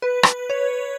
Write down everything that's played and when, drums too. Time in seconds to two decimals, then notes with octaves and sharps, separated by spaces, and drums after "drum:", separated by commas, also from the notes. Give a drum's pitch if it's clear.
0.02 B4
0.23 drum: rim click
0.50 C#5